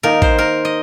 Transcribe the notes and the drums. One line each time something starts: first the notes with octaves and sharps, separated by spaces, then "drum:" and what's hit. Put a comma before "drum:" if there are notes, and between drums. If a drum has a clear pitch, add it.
D#3 A#3 D#4 A#4
C5, drum: kick
A#4
D#5